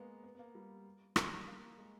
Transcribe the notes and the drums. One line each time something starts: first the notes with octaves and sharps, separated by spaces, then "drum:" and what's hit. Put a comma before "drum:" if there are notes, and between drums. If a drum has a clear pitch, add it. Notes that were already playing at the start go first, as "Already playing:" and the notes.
Already playing: G#3 A#3 B3
B3
B3
A#3
G3
G3, drum: rim click
A#3
G#3